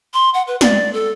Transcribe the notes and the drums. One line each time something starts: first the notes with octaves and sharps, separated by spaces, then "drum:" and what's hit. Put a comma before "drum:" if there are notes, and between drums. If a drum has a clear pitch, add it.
C6
F#5
B4
D5, drum: snare
A4